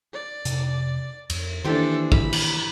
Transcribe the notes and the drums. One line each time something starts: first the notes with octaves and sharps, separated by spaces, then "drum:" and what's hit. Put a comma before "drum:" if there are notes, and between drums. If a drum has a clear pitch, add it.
D5
F2 C3, drum: hi-hat
F2, drum: cymbal
D#3 E3 G3 A#3 D4 G4 A4 C5
B5, drum: kick
drum: cymbal